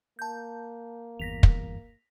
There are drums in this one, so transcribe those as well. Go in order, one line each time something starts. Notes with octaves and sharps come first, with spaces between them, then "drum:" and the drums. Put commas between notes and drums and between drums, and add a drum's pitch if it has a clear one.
A#3 A5 G6
G1 E2 A#6 B6 F7
drum: kick